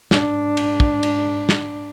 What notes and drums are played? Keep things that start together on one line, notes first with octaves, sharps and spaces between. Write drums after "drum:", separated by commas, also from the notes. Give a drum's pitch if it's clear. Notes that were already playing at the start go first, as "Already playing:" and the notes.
G#2 D4, drum: snare
drum: cymbal
drum: kick
drum: cymbal
drum: snare